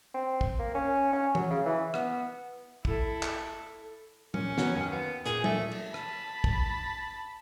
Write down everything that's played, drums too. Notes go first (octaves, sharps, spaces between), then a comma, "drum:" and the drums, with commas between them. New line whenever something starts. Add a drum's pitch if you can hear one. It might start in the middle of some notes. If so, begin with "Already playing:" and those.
C4
drum: kick
A#3
C#4
C#4
F#3, drum: tom
C#3
E3
B3, drum: rim click
E4 A4, drum: kick
drum: clap
A#2 C#4, drum: tom
F#3 B3 F#4, drum: snare
D#2
B3
A#2 G#4, drum: hi-hat
A3, drum: tom
drum: cymbal
A5 B5, drum: rim click
drum: kick